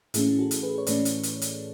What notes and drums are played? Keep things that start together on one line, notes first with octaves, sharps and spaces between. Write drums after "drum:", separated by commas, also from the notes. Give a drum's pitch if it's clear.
A2 E3 A3 C#4 E4 G#4, drum: hi-hat
G#4
F#4 A4
drum: hi-hat
G#4 B4
C#5
A2 E3 A3 C#4 B4 D5, drum: hi-hat
drum: hi-hat
drum: hi-hat
drum: hi-hat